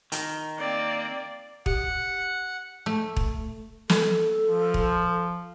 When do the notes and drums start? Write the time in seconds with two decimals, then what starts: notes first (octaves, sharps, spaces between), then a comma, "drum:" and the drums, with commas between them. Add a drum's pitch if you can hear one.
0.12 D#3, drum: hi-hat
0.58 A#3 C4 D5
1.66 G4 F#5, drum: kick
2.86 A3
3.16 drum: kick
3.89 A4, drum: snare
4.48 F3
4.74 drum: kick